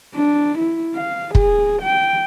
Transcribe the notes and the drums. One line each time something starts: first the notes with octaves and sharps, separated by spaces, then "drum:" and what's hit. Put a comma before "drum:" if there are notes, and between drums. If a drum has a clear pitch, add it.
D4
E4
F5
G#4, drum: kick
G5